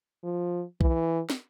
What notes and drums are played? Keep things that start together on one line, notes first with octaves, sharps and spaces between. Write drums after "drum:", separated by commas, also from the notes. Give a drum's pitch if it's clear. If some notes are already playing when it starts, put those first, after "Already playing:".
F3
E3, drum: kick B1
drum: snare